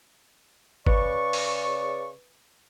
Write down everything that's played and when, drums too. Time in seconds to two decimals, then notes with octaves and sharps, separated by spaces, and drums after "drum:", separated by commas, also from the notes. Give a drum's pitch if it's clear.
0.86 C#3 B4 D5 C#6, drum: kick
1.33 drum: open hi-hat